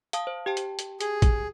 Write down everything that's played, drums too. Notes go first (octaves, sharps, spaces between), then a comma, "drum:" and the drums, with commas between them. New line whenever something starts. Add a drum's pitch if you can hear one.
F5 A5 D#6, drum: hi-hat
C5
G4 G5 A5
drum: hi-hat
drum: hi-hat
G#4, drum: hi-hat
drum: kick A1, hi-hat